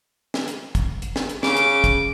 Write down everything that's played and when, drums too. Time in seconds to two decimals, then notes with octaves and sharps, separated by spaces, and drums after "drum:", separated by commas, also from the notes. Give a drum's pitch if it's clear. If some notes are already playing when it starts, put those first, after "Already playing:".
0.34 drum: snare
0.48 drum: hi-hat
0.75 drum: kick, hi-hat
1.02 drum: hi-hat
1.16 drum: snare
1.29 drum: hi-hat
1.43 C#3 D6, drum: snare
1.57 drum: hi-hat
1.84 drum: kick, hi-hat